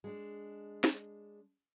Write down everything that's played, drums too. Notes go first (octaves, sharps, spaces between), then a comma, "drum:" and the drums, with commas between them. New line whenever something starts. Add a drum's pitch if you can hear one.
G#3 D4
drum: snare